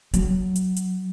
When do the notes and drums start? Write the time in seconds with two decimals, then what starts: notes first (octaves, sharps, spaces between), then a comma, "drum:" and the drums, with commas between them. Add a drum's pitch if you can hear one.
0.14 F#3, drum: hi-hat
0.56 drum: hi-hat
0.76 drum: hi-hat